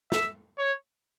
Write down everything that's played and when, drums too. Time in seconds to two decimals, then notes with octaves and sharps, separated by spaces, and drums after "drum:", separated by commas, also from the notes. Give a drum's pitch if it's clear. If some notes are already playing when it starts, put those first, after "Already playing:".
0.12 E5, drum: snare
0.58 C#5